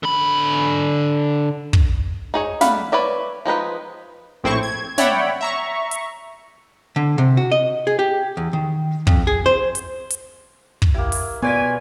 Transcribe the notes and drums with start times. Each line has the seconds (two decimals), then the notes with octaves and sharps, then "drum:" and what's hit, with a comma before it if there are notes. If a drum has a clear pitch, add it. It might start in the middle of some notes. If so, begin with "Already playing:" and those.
0.03 D3 B5
1.73 drum: kick
2.34 D#4 G#4 C#5
2.61 G3 A3 F5 F#5 B5, drum: snare
2.92 B4 C#5 D5 E5
3.46 F3 G#3 D#4 B4
4.44 A#1 A2 C4 E4 C5 C#6
4.63 G#6
4.98 C#5 D5 E5 F#5 G5 B5, drum: snare
5.41 E5 A#5 C#6
5.91 drum: hi-hat
6.96 D3
7.18 C3
7.37 F#4
7.52 D#5
7.87 G#4
7.99 G4
8.37 E2
8.53 D#3
9.07 F2, drum: kick
9.27 G#4
9.46 C5
9.75 drum: hi-hat
10.10 drum: hi-hat
10.82 drum: kick
10.94 A#3 E4 G4
11.12 drum: open hi-hat
11.42 B2 B3 F4 B4 C#5 D5 G#5 B6